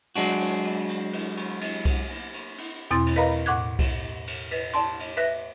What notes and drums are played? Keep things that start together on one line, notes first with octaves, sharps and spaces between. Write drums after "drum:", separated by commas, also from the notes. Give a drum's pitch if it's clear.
F#3 G#3 D4 F#4, drum: cymbal
drum: cymbal
drum: cymbal
drum: cymbal
drum: cymbal
drum: cymbal
drum: cymbal
drum: kick C2, cymbal
drum: cymbal
drum: cymbal
drum: cymbal
E2 B2 C4 E4 C6 A6
drum: cymbal
A#4 B4 D#5 F5 A#5 B5
drum: cymbal
A2 F#5 D6 F#6 G#6
drum: kick C2, cymbal
drum: cymbal
B4, drum: cymbal
D5 A5 C6, drum: cymbal
drum: cymbal
B4 E5 F#6 A#6